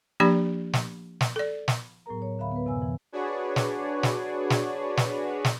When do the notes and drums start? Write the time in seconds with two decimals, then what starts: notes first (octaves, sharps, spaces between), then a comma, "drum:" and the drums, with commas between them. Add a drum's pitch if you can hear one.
0.20 F3 A#3 D4 G4 D5 B5
0.73 drum: snare
1.21 drum: snare
1.36 A4 D5
1.68 drum: snare
2.06 A2 F#3 B3 G#4 A#4 A#5
2.22 C#5
2.38 D2 D3 E5 F5 B5
2.52 B3 B4
2.66 F#2 C3 B4 G#5 E6
2.82 E3
3.12 D4 F#4 G#4 B4 C#5 D5
3.56 drum: snare
4.03 drum: snare
4.50 drum: snare
4.97 drum: snare
5.44 drum: snare